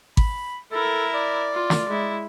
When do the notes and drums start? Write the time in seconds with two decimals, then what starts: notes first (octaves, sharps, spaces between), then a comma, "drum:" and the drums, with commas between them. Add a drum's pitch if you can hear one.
0.17 B5, drum: kick G#1
0.72 E4 A4 A#4
1.15 D5
1.53 F4
1.70 drum: snare
1.88 G#3 E4